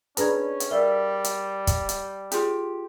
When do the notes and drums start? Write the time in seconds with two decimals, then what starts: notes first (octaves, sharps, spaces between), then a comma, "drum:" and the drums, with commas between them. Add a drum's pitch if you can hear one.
0.17 C#4 D4 G#4 B4 A#5 G#6, drum: hi-hat
0.60 drum: hi-hat
0.71 G3 A#4 D5 E5 F5
1.24 drum: hi-hat
1.67 drum: kick, hi-hat
1.89 drum: hi-hat
2.32 F4 G4 G#4, drum: hi-hat